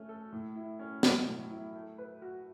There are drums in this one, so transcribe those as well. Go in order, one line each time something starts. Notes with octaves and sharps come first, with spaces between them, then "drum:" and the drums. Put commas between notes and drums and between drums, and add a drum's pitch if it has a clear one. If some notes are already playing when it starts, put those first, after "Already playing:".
Already playing: A3 C#4
A4
A2
E4
C#4
F#3, drum: snare
A2
E4
A3
B4
F#4